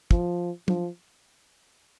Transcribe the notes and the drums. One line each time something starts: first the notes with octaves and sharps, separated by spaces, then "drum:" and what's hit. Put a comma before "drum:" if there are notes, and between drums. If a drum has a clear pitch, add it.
F3, drum: kick
F3, drum: tom